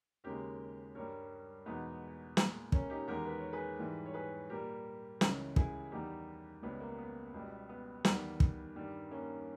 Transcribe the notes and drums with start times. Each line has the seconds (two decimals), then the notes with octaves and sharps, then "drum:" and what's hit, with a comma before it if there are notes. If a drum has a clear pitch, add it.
0.24 D#2 C#3 G#3 G4 A#4
0.95 G2 G3 A#4 C#5
1.66 E2 B2 G#3 B3 D#4
2.37 A#2 G#3, drum: snare
2.72 A#3 C#4, drum: kick
2.90 D#4 G4
3.07 E2 D#3 G#3 G4 A#4
3.26 B4
3.39 C#5
3.53 G#4 B4
3.79 G#2 E3 G3
4.06 C#5
4.14 G#4 B4
4.50 A#2 G3 G4 A#4
5.21 C#2 C#3 E3, drum: snare
5.56 E4 G#4, drum: kick
5.92 E2 D#3 G3 D#4 G4
6.63 C#2 C#3 G3 B3
6.80 A#3
6.98 B3
7.34 C#2 B2 G3
7.69 B3
8.05 E2 D#3 G3, drum: snare
8.40 drum: kick
8.76 G2 D#3 G3
9.11 A#3 C#4